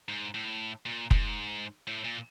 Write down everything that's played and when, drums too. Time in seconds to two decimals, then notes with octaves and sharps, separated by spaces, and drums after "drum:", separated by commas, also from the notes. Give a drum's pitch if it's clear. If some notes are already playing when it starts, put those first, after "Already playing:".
0.09 G#2
0.34 A2
0.86 A#2
1.11 G#2, drum: kick F1
1.87 A2
2.05 A#2